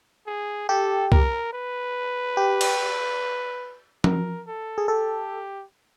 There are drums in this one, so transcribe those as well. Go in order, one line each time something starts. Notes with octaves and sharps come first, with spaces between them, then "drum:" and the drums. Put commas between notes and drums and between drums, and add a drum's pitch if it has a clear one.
G#4
G4 A4
A#4, drum: kick
B4
G4
drum: cymbal
A#4, drum: tom F3
A4
G#4
G4 A4